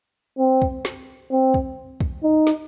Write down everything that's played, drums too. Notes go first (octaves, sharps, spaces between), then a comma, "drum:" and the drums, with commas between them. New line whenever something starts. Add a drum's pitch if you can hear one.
C4
drum: kick
drum: snare
C4
drum: kick
drum: kick
D#4
drum: snare